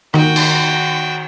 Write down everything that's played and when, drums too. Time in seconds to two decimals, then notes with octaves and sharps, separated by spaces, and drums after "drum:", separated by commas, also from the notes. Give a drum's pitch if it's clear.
0.14 D#3 F#4 G5, drum: rim click
0.36 drum: cymbal